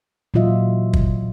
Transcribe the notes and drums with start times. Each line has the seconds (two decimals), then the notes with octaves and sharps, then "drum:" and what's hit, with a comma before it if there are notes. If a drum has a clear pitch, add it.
0.34 A#2 E3 F#3 F4 D#5 E5
0.93 drum: kick